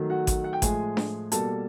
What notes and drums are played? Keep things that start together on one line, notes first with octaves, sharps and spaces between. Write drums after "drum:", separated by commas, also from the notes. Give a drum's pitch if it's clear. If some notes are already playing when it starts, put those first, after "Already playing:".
Already playing: D#3 F#3 A3
F#4 F#5
drum: kick G#1, hi-hat
F#5
G5
A2 F3 G#3 G#4 G#5, drum: kick G#1, hi-hat
drum: snare D4
B2 G3 A#3 A4 A5, drum: hi-hat